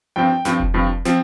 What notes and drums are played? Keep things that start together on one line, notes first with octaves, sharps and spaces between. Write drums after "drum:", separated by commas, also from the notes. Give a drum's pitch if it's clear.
G2 F3 C4 G5
G2 F3 C4, drum: snare
drum: kick F1
G2 F3 C4
F3 C4, drum: snare